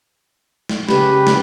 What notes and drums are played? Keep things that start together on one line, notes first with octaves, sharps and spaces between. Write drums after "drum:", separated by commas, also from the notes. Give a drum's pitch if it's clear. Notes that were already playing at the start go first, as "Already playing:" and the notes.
drum: snare
C#3 G4 B4, drum: snare
drum: snare